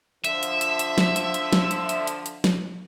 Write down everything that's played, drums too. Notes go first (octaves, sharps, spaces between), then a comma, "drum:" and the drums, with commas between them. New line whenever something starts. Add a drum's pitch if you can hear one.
D3 F3 E5, drum: hi-hat
drum: hi-hat
drum: hi-hat
drum: hi-hat
drum: snare
drum: hi-hat
drum: hi-hat
drum: snare
drum: hi-hat
drum: hi-hat
drum: hi-hat
drum: hi-hat
drum: snare